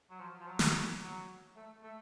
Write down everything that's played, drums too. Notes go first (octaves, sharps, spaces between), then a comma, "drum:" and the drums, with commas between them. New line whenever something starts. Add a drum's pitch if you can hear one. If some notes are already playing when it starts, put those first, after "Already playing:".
F#3
F3
F3
F#3
drum: snare
F#3
A3
A3